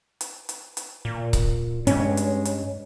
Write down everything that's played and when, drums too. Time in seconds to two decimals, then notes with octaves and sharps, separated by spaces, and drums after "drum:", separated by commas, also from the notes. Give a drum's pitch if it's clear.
0.21 drum: hi-hat
0.49 drum: hi-hat
0.77 drum: hi-hat
1.05 A#2
1.33 drum: kick C#1, hi-hat
1.87 G2 G#3 C#4, drum: hi-hat
2.17 drum: hi-hat
2.45 drum: hi-hat